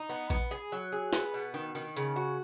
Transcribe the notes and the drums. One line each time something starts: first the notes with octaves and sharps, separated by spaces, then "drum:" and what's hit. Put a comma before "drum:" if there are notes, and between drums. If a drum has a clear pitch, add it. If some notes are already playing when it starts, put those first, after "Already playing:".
Already playing: D#4
B3
B3, drum: kick A#1, hi-hat
G#4
F#3
G#4
B3, drum: snare
B2
D#3
D#3
C#3, drum: hi-hat
F#4